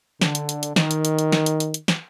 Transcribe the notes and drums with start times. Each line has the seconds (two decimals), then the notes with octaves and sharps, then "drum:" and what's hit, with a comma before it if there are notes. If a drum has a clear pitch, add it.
0.21 D3, drum: snare
0.35 drum: hi-hat
0.49 drum: hi-hat
0.63 drum: hi-hat
0.76 D#3, drum: snare
0.91 drum: hi-hat
1.05 drum: hi-hat
1.19 drum: hi-hat
1.32 drum: snare
1.46 drum: hi-hat
1.60 drum: hi-hat
1.74 drum: hi-hat
1.88 drum: snare